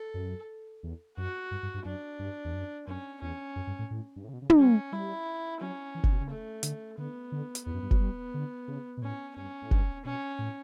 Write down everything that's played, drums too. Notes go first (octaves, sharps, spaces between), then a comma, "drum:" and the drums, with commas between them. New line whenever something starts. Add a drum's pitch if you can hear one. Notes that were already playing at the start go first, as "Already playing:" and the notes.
Already playing: A4
F#2
E2
F#2 F#4
G2
G2
G2
F#2 D4
G2
E2
F#2
F#2 C#4
E2 C#4
F#2
G2
A2
A2
G2
A2
C#3
B2
C#3
B2, drum: tom
G3 C#4
G3 E4
F#3 C#4
E3
D3, drum: kick
B2
C#3
A3
D3, drum: hi-hat
D3 B3
D3
drum: hi-hat
E2 B3
F#2
G2
F#3, drum: kick
G3
D3
C#3
B2
A2 C#4
G2 C#4
A2
G2, drum: kick
B2 C#4
A2